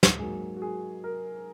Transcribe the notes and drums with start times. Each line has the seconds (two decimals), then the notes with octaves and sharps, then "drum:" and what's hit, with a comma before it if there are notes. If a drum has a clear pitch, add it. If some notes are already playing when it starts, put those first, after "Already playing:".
0.03 drum: snare
0.19 G#2 F#3 A#3 G#4
0.56 F#4
0.62 G#4
1.04 A#4